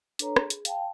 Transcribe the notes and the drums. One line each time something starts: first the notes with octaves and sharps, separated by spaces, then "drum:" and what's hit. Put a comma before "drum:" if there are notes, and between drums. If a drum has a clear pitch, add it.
D4 A4 B4 C#5 A#5, drum: hi-hat
G#4, drum: rim click
drum: hi-hat
F5 G5 A5, drum: hi-hat